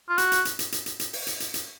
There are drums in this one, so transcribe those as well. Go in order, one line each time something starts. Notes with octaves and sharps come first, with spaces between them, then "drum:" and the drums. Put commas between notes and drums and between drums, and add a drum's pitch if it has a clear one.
F4
F#4, drum: hi-hat
drum: hi-hat
drum: hi-hat
drum: hi-hat
drum: hi-hat
drum: hi-hat
drum: hi-hat
drum: open hi-hat
drum: hi-hat
drum: hi-hat
drum: hi-hat